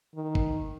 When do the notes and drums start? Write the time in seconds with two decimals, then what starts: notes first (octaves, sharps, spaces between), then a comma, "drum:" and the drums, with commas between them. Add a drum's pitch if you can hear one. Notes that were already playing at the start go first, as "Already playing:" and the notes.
0.16 D#3
0.35 drum: kick